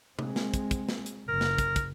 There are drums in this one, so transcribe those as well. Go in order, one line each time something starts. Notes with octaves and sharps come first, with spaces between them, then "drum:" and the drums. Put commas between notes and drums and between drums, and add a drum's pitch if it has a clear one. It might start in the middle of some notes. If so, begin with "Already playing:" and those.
G#3 C4, drum: tom C3
drum: snare
drum: kick, hi-hat
drum: kick, hi-hat
drum: snare
drum: hi-hat
F#1 A#4
drum: snare
drum: kick, hi-hat
drum: kick, hi-hat